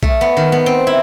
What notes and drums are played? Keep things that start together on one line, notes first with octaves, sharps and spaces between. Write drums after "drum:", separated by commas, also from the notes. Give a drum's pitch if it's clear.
A3, drum: kick
B3
D#3
B3
C4
E4